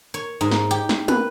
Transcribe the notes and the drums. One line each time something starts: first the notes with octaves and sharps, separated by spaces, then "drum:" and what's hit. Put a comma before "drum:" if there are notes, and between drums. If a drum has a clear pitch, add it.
C#5
G#2
drum: snare
G4
drum: snare
B4, drum: tom